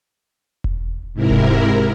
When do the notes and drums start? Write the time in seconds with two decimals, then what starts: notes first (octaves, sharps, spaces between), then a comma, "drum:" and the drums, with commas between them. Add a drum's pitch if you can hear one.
0.64 drum: kick E1
1.14 G#2 C3 E4 A#4
1.30 drum: kick E1